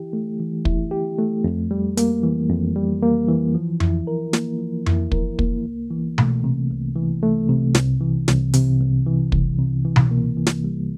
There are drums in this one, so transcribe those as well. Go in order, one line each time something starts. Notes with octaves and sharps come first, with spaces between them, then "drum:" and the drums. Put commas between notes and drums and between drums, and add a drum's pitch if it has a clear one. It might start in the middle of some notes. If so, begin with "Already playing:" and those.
Already playing: E3 E4 G4
A3
E3
E4, drum: kick
G4
A3
F2
G3
A#3, drum: hi-hat
E3
F2
G3
A#3
E3
F3
E4, drum: tom F2
A#4
A#3, drum: snare
F3
E4, drum: tom F2
A#4, drum: kick
A#3, drum: kick
C2
E3
A3, drum: tom B2
C3
C2
E3
A3
C3
C2, drum: snare
E3
C2, drum: snare
C3, drum: hi-hat
C2
E3
C2, drum: kick
C3
E3
drum: tom B2
A#3
E3
drum: snare
G3